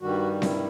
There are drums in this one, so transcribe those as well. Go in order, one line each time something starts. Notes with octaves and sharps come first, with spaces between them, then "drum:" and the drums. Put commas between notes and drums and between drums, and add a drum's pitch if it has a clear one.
G2 D#3 G3 F#4
E4, drum: snare C4